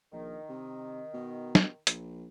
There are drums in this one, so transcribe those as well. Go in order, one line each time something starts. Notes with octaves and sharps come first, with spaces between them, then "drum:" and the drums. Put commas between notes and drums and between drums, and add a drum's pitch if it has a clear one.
A#1 D#3
C3
B2
drum: snare
A#1, drum: hi-hat